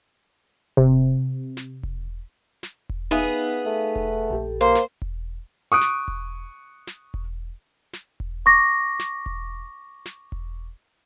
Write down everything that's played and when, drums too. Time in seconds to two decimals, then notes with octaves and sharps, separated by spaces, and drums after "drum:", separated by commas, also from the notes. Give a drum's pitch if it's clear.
0.77 C3, drum: kick E1
1.57 drum: snare
1.83 drum: kick E1
2.63 drum: snare
2.89 drum: kick E1
3.11 B3 D#4 G#4 E5 F5
3.66 A3
3.96 drum: kick E1
4.31 A#1 G4 A4
4.61 A#3 C5
4.75 drum: snare
5.02 drum: kick E1
5.72 C#6 D#6 F#6 D7
5.81 drum: snare
6.08 drum: kick E1
6.87 drum: snare
7.14 drum: kick E1
7.93 drum: snare
8.20 drum: kick E1
8.46 C#6 D6 A#6
8.99 drum: snare
9.26 drum: kick E1
10.06 drum: snare
10.32 drum: kick E1